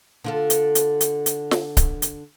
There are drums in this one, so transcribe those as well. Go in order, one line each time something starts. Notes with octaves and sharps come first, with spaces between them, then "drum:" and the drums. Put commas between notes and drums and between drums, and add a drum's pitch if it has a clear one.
D3 F4 A4
drum: hi-hat
drum: hi-hat
drum: hi-hat
drum: hi-hat
drum: snare
drum: kick C#1, hi-hat
drum: hi-hat